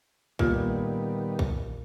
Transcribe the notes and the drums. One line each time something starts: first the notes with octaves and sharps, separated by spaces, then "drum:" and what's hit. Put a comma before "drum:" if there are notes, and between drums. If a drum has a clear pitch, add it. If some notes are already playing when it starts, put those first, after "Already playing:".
A#2 D#3 G3 B3, drum: kick A#1
drum: kick A#1